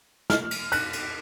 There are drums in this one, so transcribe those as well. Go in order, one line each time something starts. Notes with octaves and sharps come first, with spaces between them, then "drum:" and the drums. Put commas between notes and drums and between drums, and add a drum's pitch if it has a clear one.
F6, drum: snare
drum: cymbal
F#6, drum: cymbal
drum: cymbal